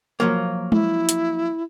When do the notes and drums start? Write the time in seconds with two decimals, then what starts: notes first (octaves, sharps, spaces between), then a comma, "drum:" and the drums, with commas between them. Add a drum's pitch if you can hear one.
0.20 F3 F#3 A#3
0.72 E4, drum: tom G#3
1.09 drum: hi-hat